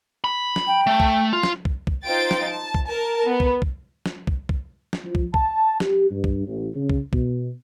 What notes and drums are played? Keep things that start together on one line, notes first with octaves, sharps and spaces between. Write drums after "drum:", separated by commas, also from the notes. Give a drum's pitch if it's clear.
B5
drum: snare
G5
A3
drum: kick
F4
drum: snare
drum: kick
drum: kick
D#4 F4 C5 G5 A6 D7
drum: snare
A5
drum: kick
A#4 A5
B3
drum: kick
drum: kick
drum: snare
drum: kick
drum: kick
drum: snare
F3
drum: kick
A5, drum: kick
G4, drum: snare
G2
drum: kick
A1
C#3
drum: kick
B2, drum: kick